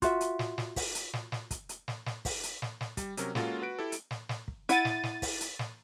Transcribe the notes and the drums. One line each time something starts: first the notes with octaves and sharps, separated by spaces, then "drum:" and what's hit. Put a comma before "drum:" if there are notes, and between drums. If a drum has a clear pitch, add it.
F4 F#4 E5, drum: kick, hi-hat
drum: hi-hat
drum: snare
drum: snare
drum: kick, open hi-hat
drum: hi-hat
drum: snare
drum: snare
drum: kick, hi-hat
drum: hi-hat
drum: snare
drum: snare
drum: kick, open hi-hat
drum: hi-hat
drum: snare
drum: snare
G3, drum: kick, hi-hat
C3 F#3 C#4 A#4, drum: hi-hat
G#3 A#3 C#4 F4 F#4 A4, drum: snare
F#4 B4 D7
E4 G4 A4
drum: hi-hat
drum: snare
drum: snare
drum: kick
E4 F#5 A6 D#7, drum: hi-hat
drum: snare
drum: snare
drum: kick, open hi-hat
drum: hi-hat
drum: snare